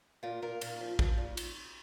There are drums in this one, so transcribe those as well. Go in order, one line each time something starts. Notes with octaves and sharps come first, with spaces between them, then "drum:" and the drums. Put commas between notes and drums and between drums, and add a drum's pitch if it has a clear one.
A#2 F4 A#4
A#2 F4 A#4
A#2, drum: cymbal
F3
F3, drum: kick
A#2
drum: cymbal